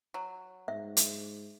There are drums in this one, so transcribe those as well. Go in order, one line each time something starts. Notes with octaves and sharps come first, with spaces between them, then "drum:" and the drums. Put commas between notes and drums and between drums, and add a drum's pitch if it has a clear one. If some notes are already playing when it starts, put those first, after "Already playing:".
F#3
G#2 E5
drum: hi-hat